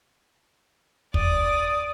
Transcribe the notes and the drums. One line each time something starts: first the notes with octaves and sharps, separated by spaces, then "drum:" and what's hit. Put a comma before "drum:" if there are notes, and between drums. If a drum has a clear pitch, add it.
D5 D#6, drum: kick